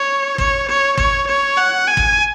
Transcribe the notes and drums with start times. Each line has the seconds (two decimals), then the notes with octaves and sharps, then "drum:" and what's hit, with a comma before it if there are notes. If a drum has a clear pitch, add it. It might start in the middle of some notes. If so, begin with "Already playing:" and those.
Already playing: C#5
0.38 C#5, drum: kick
0.69 C#5
0.97 C#5, drum: kick
1.27 C#5
1.57 F#5
1.87 G#5
1.97 drum: kick